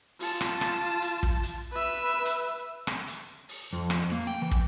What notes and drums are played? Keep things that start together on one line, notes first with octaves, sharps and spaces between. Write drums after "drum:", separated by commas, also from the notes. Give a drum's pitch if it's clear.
F4 A5, drum: open hi-hat
drum: rim click
drum: rim click
drum: hi-hat
drum: kick
drum: hi-hat
B4 E5
drum: hi-hat
drum: rim click
drum: hi-hat
drum: open hi-hat
F2
drum: rim click
A#3
G5
E3
drum: kick